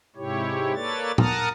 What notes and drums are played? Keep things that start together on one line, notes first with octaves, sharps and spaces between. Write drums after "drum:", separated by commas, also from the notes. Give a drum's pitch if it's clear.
G#2 C3 E4 G4 C#5
A#3 A4 B4 C#5 D5 A6
A#4 F#5 A5 A#5 D#6 F6, drum: tom